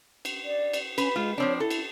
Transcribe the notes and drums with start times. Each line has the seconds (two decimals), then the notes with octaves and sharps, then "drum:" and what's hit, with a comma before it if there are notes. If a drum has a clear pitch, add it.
0.25 drum: cymbal
0.44 D5
0.73 drum: cymbal
0.98 C#4 B4, drum: cymbal
1.16 G#3 F4
1.38 F3 C4 D4 C#5
1.60 E4 A4
1.70 drum: cymbal